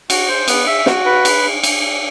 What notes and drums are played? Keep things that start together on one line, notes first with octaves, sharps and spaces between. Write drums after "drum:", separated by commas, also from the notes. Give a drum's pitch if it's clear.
F#4, drum: cymbal
C5
B3, drum: cymbal
E5
F#4, drum: snare
B4
drum: cymbal
drum: cymbal